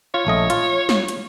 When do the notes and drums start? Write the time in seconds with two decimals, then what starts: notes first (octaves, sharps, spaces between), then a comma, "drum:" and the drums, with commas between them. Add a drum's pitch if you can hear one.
0.14 F4 C#5
0.27 A#1 A3 D#5
0.50 F4, drum: hi-hat
0.89 drum: snare
1.08 drum: hi-hat